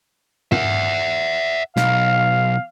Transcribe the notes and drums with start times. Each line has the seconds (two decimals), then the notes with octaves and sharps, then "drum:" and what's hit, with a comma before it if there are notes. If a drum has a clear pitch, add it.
0.52 E5 F#5, drum: tom
1.77 B1 F5, drum: snare